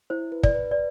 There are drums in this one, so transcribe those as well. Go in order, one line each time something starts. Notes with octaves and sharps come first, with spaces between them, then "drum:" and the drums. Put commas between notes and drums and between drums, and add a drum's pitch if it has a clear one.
E4 C5
B4
D5, drum: kick
B4
D5